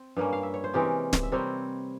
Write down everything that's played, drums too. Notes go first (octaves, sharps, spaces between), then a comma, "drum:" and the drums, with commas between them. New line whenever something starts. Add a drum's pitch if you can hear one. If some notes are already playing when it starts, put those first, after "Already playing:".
Already playing: C4
G2 G3 A#3 C#4
F5
E5
C#5
C5
C3 E3 G#3 C#4 G4 A#4
drum: snare
E5
C3 G3 C4 A#4 C#5